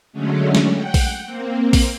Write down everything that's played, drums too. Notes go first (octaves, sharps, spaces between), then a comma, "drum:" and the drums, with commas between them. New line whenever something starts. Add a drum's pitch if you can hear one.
D3 F#3 G#3 A3 C#4
drum: snare
F#5 G5
drum: kick A#1, open hi-hat
A#3 C4
drum: kick A#1, open hi-hat